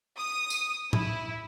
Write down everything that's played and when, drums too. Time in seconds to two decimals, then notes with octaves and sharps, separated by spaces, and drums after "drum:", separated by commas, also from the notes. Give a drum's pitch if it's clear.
0.16 D#6
0.50 drum: tambourine
0.93 E4, drum: tom A2